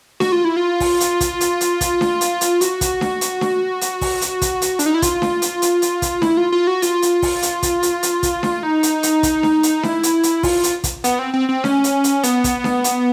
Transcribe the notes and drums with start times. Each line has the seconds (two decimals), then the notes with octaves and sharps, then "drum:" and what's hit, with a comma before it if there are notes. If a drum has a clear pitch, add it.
0.20 F#4, drum: snare D4
0.32 F4
0.45 E4
0.56 F4
0.80 drum: kick, open hi-hat
1.00 drum: hi-hat
1.21 drum: kick, hi-hat
1.41 drum: hi-hat
1.61 drum: hi-hat
1.81 drum: kick, hi-hat
2.01 drum: snare D4
2.21 drum: hi-hat
2.41 drum: hi-hat
2.61 F#4, drum: hi-hat
2.81 drum: kick, hi-hat
3.01 drum: snare D4
3.21 drum: hi-hat
3.41 drum: snare D4
3.81 drum: hi-hat
4.01 drum: kick, open hi-hat
4.21 drum: hi-hat
4.42 drum: kick, hi-hat
4.62 drum: hi-hat
4.79 D4, drum: hi-hat
4.86 D#4
4.94 E4
5.02 F4, drum: kick, hi-hat
5.22 drum: snare D4
5.42 drum: hi-hat
5.62 drum: hi-hat
5.82 drum: hi-hat
6.02 drum: kick, hi-hat
6.22 E4, drum: snare D4
6.37 F4
6.52 F4
6.67 F#4
6.82 F4, drum: hi-hat
7.02 drum: hi-hat
7.22 drum: kick, open hi-hat
7.42 drum: hi-hat
7.63 drum: kick, hi-hat
7.83 drum: hi-hat
8.03 drum: hi-hat
8.23 drum: kick, hi-hat
8.43 drum: snare D4
8.63 D#4
8.83 drum: hi-hat
9.03 drum: hi-hat
9.23 drum: kick, hi-hat
9.43 drum: snare D4
9.63 drum: hi-hat
9.83 E4, drum: snare D4
10.03 drum: hi-hat
10.23 drum: hi-hat
10.43 F4, drum: kick, open hi-hat
10.64 drum: hi-hat
10.84 drum: kick, hi-hat
11.04 B3, drum: hi-hat
11.19 C4
11.34 C4
11.49 C4
11.64 C#4, drum: snare D4
11.84 drum: hi-hat
12.04 drum: hi-hat
12.23 B3, drum: hi-hat
12.44 drum: kick, hi-hat
12.64 drum: snare D4
12.84 drum: hi-hat